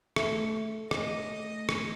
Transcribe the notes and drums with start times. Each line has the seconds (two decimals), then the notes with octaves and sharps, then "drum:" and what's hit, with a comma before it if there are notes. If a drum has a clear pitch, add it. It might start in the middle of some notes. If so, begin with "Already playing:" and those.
0.16 A3, drum: rim click
0.91 D#5, drum: rim click
1.69 drum: rim click